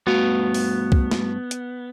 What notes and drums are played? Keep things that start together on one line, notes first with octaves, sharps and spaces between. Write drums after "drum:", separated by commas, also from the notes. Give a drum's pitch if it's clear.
G2 A3 B3 F#4 F5
drum: open hi-hat
drum: kick C2
drum: snare
drum: hi-hat